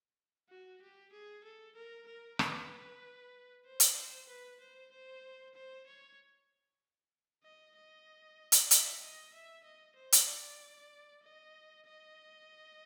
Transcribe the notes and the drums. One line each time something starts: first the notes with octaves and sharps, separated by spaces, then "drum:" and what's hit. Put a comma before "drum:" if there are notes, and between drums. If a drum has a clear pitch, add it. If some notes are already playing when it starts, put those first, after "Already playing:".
F#4
G4
G#4
A4
A#4
A#4
B4, drum: rim click
C5
drum: hi-hat
C5
B4
C5
C5
C5
C#5
D#5
D#5
drum: hi-hat
E5, drum: hi-hat
D#5
E5
D#5
C5
drum: hi-hat
D5
D#5
D#5